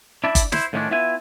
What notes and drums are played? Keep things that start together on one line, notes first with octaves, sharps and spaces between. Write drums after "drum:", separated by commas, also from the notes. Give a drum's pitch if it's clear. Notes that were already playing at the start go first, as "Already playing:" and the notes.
D4 E4 D5 E5
drum: kick G1, hi-hat
E4 C5, drum: snare
A2 D#3 F3 B3 C#4 D4
B3 E4 F4 E5 G#5